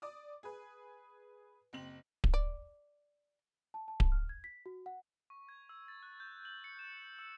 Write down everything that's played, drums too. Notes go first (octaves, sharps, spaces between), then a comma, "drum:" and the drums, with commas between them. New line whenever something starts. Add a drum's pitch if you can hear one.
D5 D6 D#6
G#4 B4
F#1 C4 F#7
drum: kick D1
D5
A5
A5
drum: kick D1
F6
G#6
B6
F#4
F#5
C#6
G#6
E6
A6
F#6
G6
F#7
C#7
E7
E6